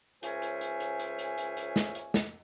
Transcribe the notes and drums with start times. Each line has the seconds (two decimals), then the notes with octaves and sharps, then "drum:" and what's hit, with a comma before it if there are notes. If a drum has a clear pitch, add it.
0.23 C#2 A#4 C5 C#5 E5 G#5, drum: hi-hat
0.42 drum: hi-hat
0.61 drum: hi-hat
0.80 drum: hi-hat
0.99 drum: hi-hat
1.18 drum: hi-hat
1.38 drum: hi-hat
1.57 drum: hi-hat
1.76 drum: snare
1.95 drum: hi-hat
2.14 drum: snare